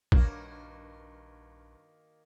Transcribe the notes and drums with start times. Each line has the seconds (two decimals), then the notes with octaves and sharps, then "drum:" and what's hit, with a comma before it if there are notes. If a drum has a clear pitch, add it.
0.12 A#1 G2 D#3 A#3 F#4 A#4 C#5 F5, drum: kick A#1